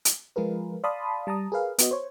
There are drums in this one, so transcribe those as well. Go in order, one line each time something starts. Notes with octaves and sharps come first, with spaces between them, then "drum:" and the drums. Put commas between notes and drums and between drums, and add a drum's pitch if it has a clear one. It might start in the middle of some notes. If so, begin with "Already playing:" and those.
drum: hi-hat
F3 G#3 F4 G#4 A#4 B4
D5 F5 A5 B5 C6 D#6
G3 A5 A#5 D#6
G#4 A#4 B4 F5
B3 F#4 D#5, drum: hi-hat
C5 C#5